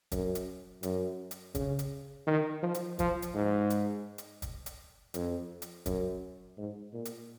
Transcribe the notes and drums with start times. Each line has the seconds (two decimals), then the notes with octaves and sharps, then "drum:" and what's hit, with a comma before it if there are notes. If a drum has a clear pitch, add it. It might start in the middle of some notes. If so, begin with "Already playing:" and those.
0.12 F#2, drum: kick, hi-hat
0.35 drum: hi-hat
0.83 F#2, drum: hi-hat
1.31 drum: hi-hat
1.55 C#3, drum: kick, hi-hat
1.79 drum: hi-hat
2.27 D#3
2.63 F3
2.74 drum: hi-hat
2.99 F3, drum: kick, hi-hat
3.22 drum: hi-hat
3.34 G#2
3.70 drum: hi-hat
4.18 drum: hi-hat
4.42 drum: kick, hi-hat
4.66 drum: hi-hat
5.14 F2, drum: hi-hat
5.62 drum: hi-hat
5.86 F#2, drum: kick, hi-hat
6.58 G#2
6.93 A#2
7.05 drum: hi-hat